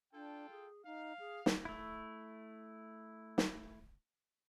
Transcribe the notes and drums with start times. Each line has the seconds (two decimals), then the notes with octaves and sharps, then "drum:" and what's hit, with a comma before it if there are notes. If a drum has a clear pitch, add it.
0.13 D4 F4 A4 G5
0.50 G#4
0.86 D#4 F5
1.19 G#4
1.46 drum: snare
1.65 A3 E4
3.38 drum: snare